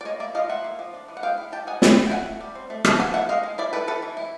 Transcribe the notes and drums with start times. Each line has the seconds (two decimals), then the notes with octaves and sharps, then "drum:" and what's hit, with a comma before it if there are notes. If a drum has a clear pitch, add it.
0.01 D5
0.05 A#3 C#5 D#5
0.20 A#3 D5 E5
0.35 F3 D#5 F5
0.49 F4 E5 F#5
0.64 A#3
0.79 F3
0.94 D4
1.08 E3
1.17 F#5
1.23 G#3 F5 G5
1.38 E4
1.52 G3 G5 A5
1.67 D#4 F#5 G#5
1.82 E3, drum: snare
1.96 E3
2.07 G5
2.11 A3 F#5 G#5
2.26 A3
2.41 G3
2.55 C4
2.70 A3
2.85 A3 A5, drum: rim click
2.99 A#3 F#5 G#5
3.14 A#3 E5 F#5
3.29 G#3 D#5 F5
3.43 G#3
3.58 E4 D5 E5
3.73 E4 A4 B4
3.87 E3 A4 B4
4.03 E3
4.17 E4